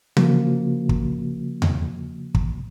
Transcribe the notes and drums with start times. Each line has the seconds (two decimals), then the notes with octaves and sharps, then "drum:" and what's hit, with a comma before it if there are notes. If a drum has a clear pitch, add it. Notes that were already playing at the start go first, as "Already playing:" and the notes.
0.17 C#3 F3 A#3 F#4, drum: tom E3
0.89 drum: kick
1.62 drum: tom E2
2.35 drum: kick